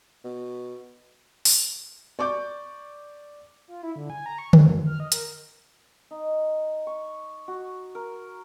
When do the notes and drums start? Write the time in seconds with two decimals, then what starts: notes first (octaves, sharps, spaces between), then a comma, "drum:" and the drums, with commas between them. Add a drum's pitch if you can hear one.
0.24 B2
1.45 drum: open hi-hat
2.19 D5 C#6 D6 G6
3.68 F4
3.83 E4
3.96 D3
4.10 G#5
4.26 A#5
4.39 C#6
4.53 G#3, drum: tom D3
4.67 F#2
4.87 F6
5.00 D#5
5.12 A#4, drum: hi-hat
6.11 D#4
6.87 C#6
7.48 F#4
7.95 A#4